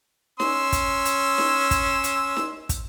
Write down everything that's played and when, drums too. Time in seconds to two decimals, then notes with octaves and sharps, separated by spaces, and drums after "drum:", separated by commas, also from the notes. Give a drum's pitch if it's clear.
0.40 C#4 C6 E6, drum: snare D#4
0.72 drum: kick, hi-hat
1.05 drum: hi-hat
1.38 drum: snare D#4
1.71 drum: kick, hi-hat
2.04 drum: hi-hat
2.37 drum: snare D#4
2.69 drum: kick, hi-hat